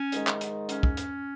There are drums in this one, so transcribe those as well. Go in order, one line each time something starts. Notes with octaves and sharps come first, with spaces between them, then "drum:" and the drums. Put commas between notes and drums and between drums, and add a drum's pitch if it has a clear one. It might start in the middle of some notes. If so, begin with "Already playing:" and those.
Already playing: C#4
G#2 D#3 G#3, drum: hi-hat
drum: clap
drum: hi-hat
C#4, drum: hi-hat
drum: kick
drum: hi-hat